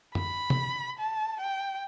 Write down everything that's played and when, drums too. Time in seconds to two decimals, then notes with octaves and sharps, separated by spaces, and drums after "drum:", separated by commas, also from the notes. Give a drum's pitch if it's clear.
0.15 B5, drum: tom
0.50 drum: tom
0.99 A5
1.40 G5